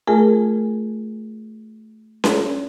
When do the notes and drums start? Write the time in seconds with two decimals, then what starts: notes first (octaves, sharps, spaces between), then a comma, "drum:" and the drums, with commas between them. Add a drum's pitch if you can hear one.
0.07 A3 F4 G#4 A#4 G#5
2.24 drum: snare C#4